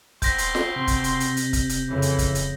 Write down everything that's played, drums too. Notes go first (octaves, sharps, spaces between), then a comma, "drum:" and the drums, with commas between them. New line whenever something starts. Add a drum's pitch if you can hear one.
B2 C4 C6 G6 A#6 B6, drum: kick, hi-hat
drum: hi-hat
drum: snare F4
C3
drum: kick, hi-hat
drum: hi-hat
drum: hi-hat
drum: hi-hat
drum: kick, hi-hat
drum: hi-hat
F2 C#3 E3
drum: hi-hat
drum: kick, hi-hat
drum: hi-hat